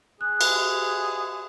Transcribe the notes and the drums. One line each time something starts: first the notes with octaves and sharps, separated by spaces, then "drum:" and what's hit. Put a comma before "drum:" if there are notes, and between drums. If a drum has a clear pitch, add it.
G#4 F#6
drum: cymbal